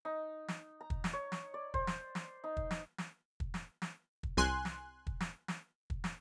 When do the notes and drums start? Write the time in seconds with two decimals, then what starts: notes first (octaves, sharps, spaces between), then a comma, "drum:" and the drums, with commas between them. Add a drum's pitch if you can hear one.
0.05 D#4
0.48 drum: snare
0.81 A#5
0.90 drum: kick
1.04 drum: snare
1.13 C#5
1.32 drum: snare
1.54 D5
1.74 C5, drum: kick
1.87 drum: snare
2.15 drum: snare
2.44 D#4
2.57 drum: kick
2.71 drum: snare
2.98 drum: snare
3.40 drum: kick
3.54 drum: snare
3.82 drum: snare
4.23 drum: kick
4.37 C2 G#5 C6 F#6, drum: snare
4.65 drum: snare
5.07 drum: kick
5.20 drum: snare
5.48 drum: snare
5.90 drum: kick
6.04 drum: snare